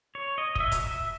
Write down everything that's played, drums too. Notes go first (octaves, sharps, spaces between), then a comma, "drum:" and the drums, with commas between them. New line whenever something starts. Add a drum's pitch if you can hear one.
C#5
D#5
D#5, drum: kick
E5
drum: kick, hi-hat
E5